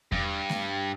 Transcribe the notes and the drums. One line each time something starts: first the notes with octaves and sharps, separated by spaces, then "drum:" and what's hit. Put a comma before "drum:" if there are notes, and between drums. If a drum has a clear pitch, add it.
G2, drum: kick E2
drum: snare A3